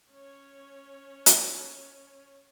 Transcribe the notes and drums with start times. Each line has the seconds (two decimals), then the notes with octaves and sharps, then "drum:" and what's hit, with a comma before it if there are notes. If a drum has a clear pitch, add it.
0.12 C#4 C#5
1.26 drum: hi-hat